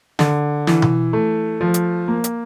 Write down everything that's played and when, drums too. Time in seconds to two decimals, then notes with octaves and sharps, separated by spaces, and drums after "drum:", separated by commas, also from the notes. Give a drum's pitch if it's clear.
0.19 D3, drum: snare
0.67 E3, drum: snare
0.82 drum: tom B2
1.13 A3
1.61 F3
1.74 drum: hi-hat
2.08 A#3
2.24 drum: hi-hat